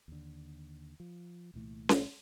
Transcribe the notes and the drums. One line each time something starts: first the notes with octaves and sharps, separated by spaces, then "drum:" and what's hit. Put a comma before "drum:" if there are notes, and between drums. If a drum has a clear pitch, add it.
D#2 D3
F3
C2 A#2 E3 A3
drum: snare C#4